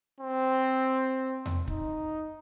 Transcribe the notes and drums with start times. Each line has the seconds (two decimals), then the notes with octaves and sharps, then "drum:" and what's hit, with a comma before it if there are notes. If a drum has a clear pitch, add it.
0.20 C4
1.46 drum: tom E2
1.68 D#4, drum: kick